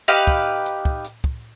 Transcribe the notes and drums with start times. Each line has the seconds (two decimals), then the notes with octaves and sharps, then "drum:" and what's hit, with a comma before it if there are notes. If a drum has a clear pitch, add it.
0.08 D#4 G4 B4 F5
0.27 drum: kick, hi-hat
0.66 drum: hi-hat
0.85 drum: kick
1.05 drum: hi-hat
1.24 drum: kick